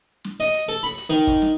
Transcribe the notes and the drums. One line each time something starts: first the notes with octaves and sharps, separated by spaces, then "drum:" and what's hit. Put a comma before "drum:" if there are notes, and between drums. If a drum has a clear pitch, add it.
drum: snare
D#5, drum: open hi-hat
drum: hi-hat
A4
B5, drum: open hi-hat
drum: hi-hat
D#3
drum: kick, hi-hat
drum: snare